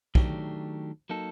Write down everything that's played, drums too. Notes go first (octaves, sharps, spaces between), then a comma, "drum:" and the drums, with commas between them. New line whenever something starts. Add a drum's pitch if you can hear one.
D#3 F#3 A3 D4 G4, drum: kick
F#3 A#3 D#4 A4